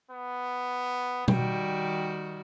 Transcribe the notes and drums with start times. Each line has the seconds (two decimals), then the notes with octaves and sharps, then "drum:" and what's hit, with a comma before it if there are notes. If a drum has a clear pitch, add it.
0.11 B3
1.28 D#3 G3 F#4 G5, drum: tom B2